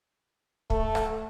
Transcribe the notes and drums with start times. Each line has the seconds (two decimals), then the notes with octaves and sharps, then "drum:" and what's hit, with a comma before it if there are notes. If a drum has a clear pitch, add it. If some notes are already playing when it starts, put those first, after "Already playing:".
0.70 A3, drum: kick
0.95 drum: rim click